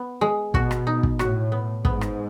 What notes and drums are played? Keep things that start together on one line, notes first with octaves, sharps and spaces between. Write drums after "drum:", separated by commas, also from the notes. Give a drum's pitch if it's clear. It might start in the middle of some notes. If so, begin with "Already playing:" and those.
Already playing: B3
G#3
B2 F#4, drum: kick
drum: rim click
D#4
drum: kick
A2 F#4, drum: rim click
B3
G#2 B3, drum: kick
drum: rim click